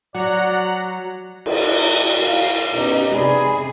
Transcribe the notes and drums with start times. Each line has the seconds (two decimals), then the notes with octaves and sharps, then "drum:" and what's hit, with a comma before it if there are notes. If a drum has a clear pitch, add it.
0.15 F#3 F#4 D5 F#5 A#5
1.46 drum: cymbal
1.65 F#4
2.20 F5
2.73 B2 C#4 D#4 G4 B4
3.11 C3 G#4 D5 B5